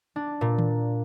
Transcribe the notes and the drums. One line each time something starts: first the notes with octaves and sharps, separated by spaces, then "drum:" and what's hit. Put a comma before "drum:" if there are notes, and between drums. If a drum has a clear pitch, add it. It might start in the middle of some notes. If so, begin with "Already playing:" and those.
D4
A#2
drum: tom D#3